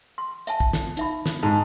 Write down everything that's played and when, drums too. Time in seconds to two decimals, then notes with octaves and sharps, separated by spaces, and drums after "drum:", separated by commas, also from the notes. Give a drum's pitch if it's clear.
0.18 C6
0.47 E5 G#5 A5, drum: hi-hat
0.60 drum: kick
0.73 drum: snare
0.97 D#4 E5 B5, drum: hi-hat
1.26 drum: snare
1.43 G#2 A5